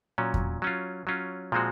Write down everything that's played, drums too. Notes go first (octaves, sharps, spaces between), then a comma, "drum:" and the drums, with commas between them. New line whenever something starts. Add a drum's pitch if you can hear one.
A#2 F#3 C#4
drum: kick E2
F#3 C#4 F4
F#3 C#4 F4
A#2 F3 G#3 C4 F#4